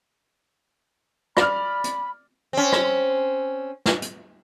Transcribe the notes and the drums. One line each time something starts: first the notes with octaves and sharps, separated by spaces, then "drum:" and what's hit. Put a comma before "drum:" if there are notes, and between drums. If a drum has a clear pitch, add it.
D5 B5 F6, drum: rim click
drum: hi-hat
C4 C#4
drum: rim click
drum: snare
drum: hi-hat